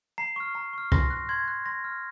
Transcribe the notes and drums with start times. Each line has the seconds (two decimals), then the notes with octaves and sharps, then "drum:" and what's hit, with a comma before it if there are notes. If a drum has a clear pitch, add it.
0.18 A#5 C7
0.36 C#6 F6
0.55 A#5
0.73 C#6 F6
0.92 C6 A#6, drum: kick C2
1.10 F#6
1.29 C6 G#6
1.48 F#6
1.66 C6 A#6
1.84 F6